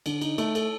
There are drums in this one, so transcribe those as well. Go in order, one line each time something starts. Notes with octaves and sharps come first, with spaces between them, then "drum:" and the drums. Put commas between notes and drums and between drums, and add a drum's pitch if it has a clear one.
D3, drum: cymbal
D#4, drum: cymbal
A3, drum: cymbal
A4, drum: cymbal